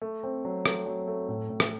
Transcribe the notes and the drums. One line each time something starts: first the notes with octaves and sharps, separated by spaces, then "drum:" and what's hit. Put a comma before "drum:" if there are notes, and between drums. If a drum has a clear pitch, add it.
A3
C4
F#3
A3, drum: rim click
F#3
A3
A2
A2
drum: rim click